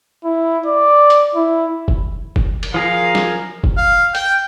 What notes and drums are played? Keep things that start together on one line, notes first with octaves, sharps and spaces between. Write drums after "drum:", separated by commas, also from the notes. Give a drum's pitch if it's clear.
E4
D5
drum: hi-hat
E4
drum: kick F#1
drum: kick F#1
drum: cymbal
F3 G#4 A#4 F5
drum: snare
drum: kick F#1
F5
G5, drum: hi-hat